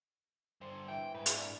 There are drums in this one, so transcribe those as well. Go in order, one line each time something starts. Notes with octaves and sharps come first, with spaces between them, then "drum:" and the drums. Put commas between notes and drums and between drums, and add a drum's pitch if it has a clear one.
G2 D3 C5
E3 G5
G#2 B4
drum: hi-hat
D4